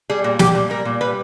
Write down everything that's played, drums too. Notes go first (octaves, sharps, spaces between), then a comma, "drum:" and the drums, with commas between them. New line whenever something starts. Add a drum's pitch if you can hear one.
G3 G#4
A#2
G3 G4, drum: snare
A#2
G3 A#4
A#2
G3 B4